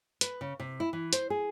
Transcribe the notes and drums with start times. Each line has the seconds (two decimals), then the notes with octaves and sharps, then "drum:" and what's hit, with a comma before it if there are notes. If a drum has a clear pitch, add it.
0.21 B4, drum: hi-hat
0.41 C#3
0.60 C3
0.80 E4
0.93 E3
1.13 C5, drum: hi-hat
1.30 G#4